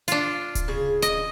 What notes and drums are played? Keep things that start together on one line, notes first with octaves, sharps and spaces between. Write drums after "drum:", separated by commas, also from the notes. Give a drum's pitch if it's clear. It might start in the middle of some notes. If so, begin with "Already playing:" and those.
D4 F4, drum: hi-hat
drum: kick D1, hi-hat
C#3 G#4
D#5, drum: hi-hat